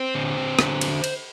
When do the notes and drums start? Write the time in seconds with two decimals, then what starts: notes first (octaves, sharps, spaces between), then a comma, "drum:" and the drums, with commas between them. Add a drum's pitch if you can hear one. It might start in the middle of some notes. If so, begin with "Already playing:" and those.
Already playing: C4 C5
0.15 D3
0.37 C4
0.59 D3, drum: rim click
0.81 drum: cymbal
1.04 drum: cymbal